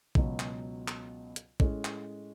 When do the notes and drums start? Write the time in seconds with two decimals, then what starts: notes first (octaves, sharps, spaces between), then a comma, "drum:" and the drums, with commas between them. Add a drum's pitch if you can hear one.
0.15 C#2 B2 F#3, drum: kick
0.39 drum: clap
0.88 drum: clap
1.36 drum: hi-hat
1.60 A2 G#3 C#4, drum: kick
1.85 drum: clap